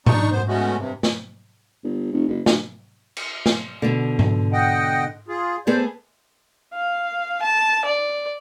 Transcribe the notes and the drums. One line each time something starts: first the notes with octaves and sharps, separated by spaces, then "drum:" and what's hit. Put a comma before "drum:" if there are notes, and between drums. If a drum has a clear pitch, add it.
D4 D#4 C#6, drum: tom G#2
F#2 B3 C5
G#3 A3 B3 C#4 F#4
G2 C3
drum: snare
G1
F1
F#1
D2, drum: snare
drum: cymbal
drum: snare
B2 D3
drum: tom G#2
D#5 F#5 G5
F4 G#4
B3 G#4 A4 C5 D5
F5
A5
D5